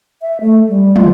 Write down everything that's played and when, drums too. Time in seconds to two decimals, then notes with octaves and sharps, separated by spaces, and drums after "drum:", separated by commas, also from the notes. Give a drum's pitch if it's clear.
0.22 E5
0.41 A3
0.68 G3
0.96 F4, drum: tom